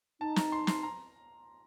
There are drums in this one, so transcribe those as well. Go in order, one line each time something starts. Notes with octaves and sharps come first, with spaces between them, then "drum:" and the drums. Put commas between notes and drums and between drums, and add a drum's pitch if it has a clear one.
D#4 A5
A#5, drum: snare
C6
C6, drum: snare
A#5